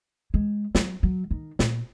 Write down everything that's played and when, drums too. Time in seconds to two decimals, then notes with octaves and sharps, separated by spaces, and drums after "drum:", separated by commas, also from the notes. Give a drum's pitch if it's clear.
0.34 G#3
0.75 F#3, drum: snare
1.03 F#3
1.31 D#3
1.59 A#2, drum: snare